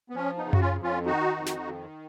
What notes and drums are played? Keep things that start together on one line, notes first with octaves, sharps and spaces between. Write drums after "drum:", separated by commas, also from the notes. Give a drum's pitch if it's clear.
B3
F3 C#4
B3 D#4
C#3
F#4, drum: tom F#2
C#4 F4
F2
C#4 F4
D#3 D#4 F#4
F2
drum: snare
D#3